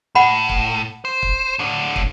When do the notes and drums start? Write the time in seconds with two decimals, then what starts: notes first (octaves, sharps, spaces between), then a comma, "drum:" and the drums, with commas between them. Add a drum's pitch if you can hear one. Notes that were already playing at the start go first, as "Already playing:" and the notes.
0.15 A2 F#5 B5
0.49 drum: kick
1.05 C5
1.22 drum: kick
1.59 A2 D3
1.96 drum: kick